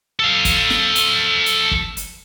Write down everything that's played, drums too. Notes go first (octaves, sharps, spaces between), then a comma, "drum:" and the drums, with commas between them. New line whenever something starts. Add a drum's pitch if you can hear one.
A4 F5
drum: kick, hi-hat
drum: snare
drum: hi-hat
drum: hi-hat
drum: kick
drum: hi-hat